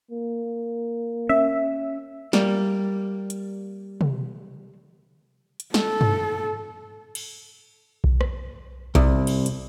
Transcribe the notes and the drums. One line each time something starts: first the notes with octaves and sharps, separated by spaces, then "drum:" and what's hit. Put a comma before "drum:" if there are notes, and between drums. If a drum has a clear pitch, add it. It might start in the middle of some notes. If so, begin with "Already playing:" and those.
A#3
C#4 E5
G3 A#3, drum: snare
drum: hi-hat
drum: tom
drum: hi-hat
A4, drum: snare
drum: tom
drum: cymbal
drum: kick B1
drum: rim click
C2, drum: kick B1
drum: cymbal
drum: hi-hat